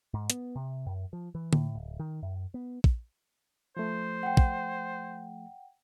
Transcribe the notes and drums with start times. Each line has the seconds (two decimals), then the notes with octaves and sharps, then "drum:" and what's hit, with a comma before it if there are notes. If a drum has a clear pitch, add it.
0.14 G#2
0.30 B3, drum: hi-hat
0.56 C3
0.86 F#2
1.13 F3
1.35 E3
1.53 A2, drum: tom D3
1.75 D1
2.00 D#3
2.23 F#2
2.54 B3
2.84 drum: kick
3.77 F3 A3 C5
4.23 F#5 G5
4.37 drum: kick